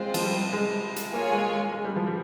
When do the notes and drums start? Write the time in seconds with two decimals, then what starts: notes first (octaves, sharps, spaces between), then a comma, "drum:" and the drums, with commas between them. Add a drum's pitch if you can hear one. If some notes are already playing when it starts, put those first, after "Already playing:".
Already playing: G#3 C4 F4 C5
0.14 F3, drum: cymbal
0.23 G3
0.53 G#3
0.96 drum: hi-hat
1.12 A#3 F4 G#4 C#5 G#5
1.32 G#3
1.53 G#3
1.73 G#3
1.84 G3
1.96 F3
2.07 G3